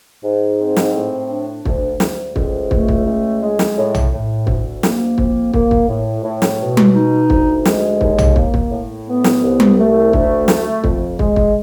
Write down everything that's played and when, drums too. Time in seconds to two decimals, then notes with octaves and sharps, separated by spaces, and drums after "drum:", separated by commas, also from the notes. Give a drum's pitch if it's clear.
0.23 G#2
0.59 C4
0.77 drum: snare
0.94 A2
1.29 D4
1.65 D2, drum: kick
2.00 D2, drum: snare
2.36 C#2, drum: kick
2.71 A3, drum: kick
2.88 drum: kick
3.06 C#2
3.42 G#3
3.59 drum: snare
3.77 A2
3.94 drum: tom
4.12 A2
4.47 D2, drum: kick
4.83 A#3, drum: snare
5.18 F2, drum: kick
5.53 A#3, drum: kick
5.71 drum: kick
5.88 A2
6.23 A2
6.42 drum: snare
6.60 B2
6.77 drum: tom G3
6.94 D#4
7.30 D2, drum: kick
7.65 G#3, drum: snare
8.01 D#2, drum: kick
8.18 drum: tom
8.36 A#3, drum: kick
8.54 drum: kick
8.71 A2
9.07 B3
9.24 drum: snare
9.42 C2
9.60 drum: tom G3
9.78 A3
10.13 D2, drum: kick
10.48 A3, drum: snare
10.84 F2, drum: kick
11.19 G#3, drum: kick
11.36 drum: kick